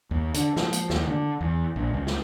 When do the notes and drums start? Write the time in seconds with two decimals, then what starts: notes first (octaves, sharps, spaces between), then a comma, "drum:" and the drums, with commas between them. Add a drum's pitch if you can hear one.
0.11 D#2
0.34 D3, drum: hi-hat
0.56 F3, drum: snare
0.73 drum: hi-hat
0.90 D#2, drum: snare
1.07 D3
1.41 E2
1.76 A#1
1.93 C#2
2.07 drum: snare